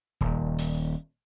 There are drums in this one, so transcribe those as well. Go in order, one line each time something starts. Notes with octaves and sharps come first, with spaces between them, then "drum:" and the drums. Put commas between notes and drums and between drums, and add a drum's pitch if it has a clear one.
D#1, drum: kick F1
drum: open hi-hat